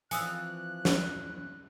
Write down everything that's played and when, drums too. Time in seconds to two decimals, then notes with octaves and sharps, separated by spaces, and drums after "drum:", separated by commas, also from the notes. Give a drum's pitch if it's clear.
0.11 E3 F3 C4 G#5 D#6 E6 F#6, drum: hi-hat
0.85 drum: snare